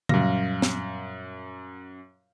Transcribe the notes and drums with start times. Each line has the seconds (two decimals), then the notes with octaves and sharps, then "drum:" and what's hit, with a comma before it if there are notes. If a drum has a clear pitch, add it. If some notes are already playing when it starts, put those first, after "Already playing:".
0.09 F#2 A#2 F#3 G3 F5 A#6, drum: tom C#3
0.62 drum: snare